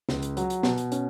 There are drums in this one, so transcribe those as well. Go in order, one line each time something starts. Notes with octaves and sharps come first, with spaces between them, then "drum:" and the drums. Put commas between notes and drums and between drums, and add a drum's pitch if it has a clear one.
C#2, drum: snare
drum: hi-hat
F#3, drum: hi-hat
drum: hi-hat
B2, drum: snare
drum: hi-hat
C#4, drum: hi-hat